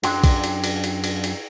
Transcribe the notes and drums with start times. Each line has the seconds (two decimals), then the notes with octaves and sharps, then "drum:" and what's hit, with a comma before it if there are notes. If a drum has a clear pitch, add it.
0.04 F#2 F#3 D4 G5 C6, drum: cymbal
0.24 drum: kick A#1, cymbal
0.44 drum: cymbal
0.64 drum: cymbal
0.84 drum: cymbal
1.04 drum: cymbal
1.24 drum: cymbal